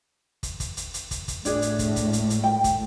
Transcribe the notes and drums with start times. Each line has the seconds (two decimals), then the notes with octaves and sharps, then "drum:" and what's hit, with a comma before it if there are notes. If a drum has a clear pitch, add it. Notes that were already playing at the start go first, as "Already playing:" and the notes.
0.43 drum: kick, hi-hat
0.60 drum: kick, hi-hat
0.77 drum: hi-hat
0.94 drum: hi-hat
1.11 drum: kick, hi-hat
1.28 drum: kick, hi-hat
1.45 A2 D4 G#4 D5, drum: hi-hat
1.62 drum: hi-hat
1.79 drum: kick, hi-hat
1.96 drum: kick, hi-hat
2.13 drum: hi-hat
2.30 drum: hi-hat
2.44 G5
2.64 drum: kick, hi-hat